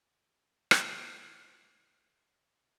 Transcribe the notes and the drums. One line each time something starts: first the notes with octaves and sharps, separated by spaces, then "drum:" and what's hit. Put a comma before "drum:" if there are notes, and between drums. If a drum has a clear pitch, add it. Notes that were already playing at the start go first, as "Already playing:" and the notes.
F#6 A6
drum: rim click